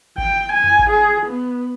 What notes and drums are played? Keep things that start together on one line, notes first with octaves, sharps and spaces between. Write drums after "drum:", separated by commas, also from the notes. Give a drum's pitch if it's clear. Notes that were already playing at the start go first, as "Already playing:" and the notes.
G5, drum: kick G#1
G#5
drum: tom F2
drum: kick G#1
G#4
B3